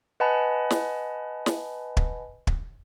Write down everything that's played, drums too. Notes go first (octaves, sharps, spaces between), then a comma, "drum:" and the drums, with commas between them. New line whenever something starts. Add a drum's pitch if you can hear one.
B4 D#5 F#5 G#5 A5 B5
drum: snare
drum: snare
drum: kick
drum: kick